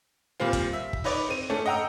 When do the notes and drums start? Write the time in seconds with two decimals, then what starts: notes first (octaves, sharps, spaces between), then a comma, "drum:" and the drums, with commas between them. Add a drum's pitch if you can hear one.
0.40 A#2 G3 C4 F4
0.53 drum: kick, hi-hat
0.73 E5
0.93 drum: kick
1.04 D#4 B4 C#5 D5, drum: open hi-hat
1.29 C4 D#7
1.50 A3 C#4 D4
1.66 D#5 F#5 G5 A#5 E6